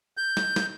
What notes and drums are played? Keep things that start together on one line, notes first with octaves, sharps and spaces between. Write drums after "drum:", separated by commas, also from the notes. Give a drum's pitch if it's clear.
G6
drum: snare
drum: snare